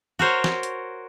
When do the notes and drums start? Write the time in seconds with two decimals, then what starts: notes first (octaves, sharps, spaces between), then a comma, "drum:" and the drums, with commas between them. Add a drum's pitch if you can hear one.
0.19 F#4 A#4 C5 C#5
0.44 drum: snare
0.63 drum: hi-hat